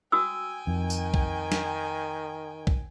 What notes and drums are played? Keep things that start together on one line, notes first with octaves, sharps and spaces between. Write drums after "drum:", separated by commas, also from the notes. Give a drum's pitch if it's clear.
F#4 G5 G#5 D#6 E6
F2 D#3
drum: tambourine
drum: kick B1
drum: snare
drum: kick B1